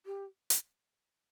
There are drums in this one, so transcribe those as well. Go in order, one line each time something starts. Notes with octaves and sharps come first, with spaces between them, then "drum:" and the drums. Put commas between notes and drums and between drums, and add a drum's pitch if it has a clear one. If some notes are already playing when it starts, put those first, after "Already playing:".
G4
drum: hi-hat